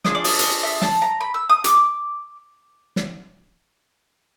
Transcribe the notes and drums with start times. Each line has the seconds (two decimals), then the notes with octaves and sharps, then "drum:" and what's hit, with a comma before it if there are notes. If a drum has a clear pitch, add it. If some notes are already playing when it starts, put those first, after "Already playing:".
0.05 D4 F4 G#4 D#5, drum: snare
0.15 D5
0.24 D#5, drum: open hi-hat
0.39 drum: hi-hat
0.63 E5
0.82 A5, drum: snare
1.02 A#5
1.21 B5
1.34 E6
1.50 D#6
1.64 D6, drum: hi-hat
2.96 drum: snare